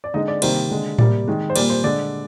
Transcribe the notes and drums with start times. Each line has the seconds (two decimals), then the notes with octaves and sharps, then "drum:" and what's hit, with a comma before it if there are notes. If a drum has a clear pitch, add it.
0.04 D5
0.14 D3 G#3 D#4 D#5
0.28 D5
0.42 C3 D#3 G3 A#3 C5, drum: cymbal
0.70 D3 G#3
0.99 C3 G3 A#3 D5, drum: tom A2
1.28 D#3 G#3
1.50 C5
1.56 A#2 G3 A#3 D5, drum: cymbal
1.70 C5
1.84 D3 G#3 D5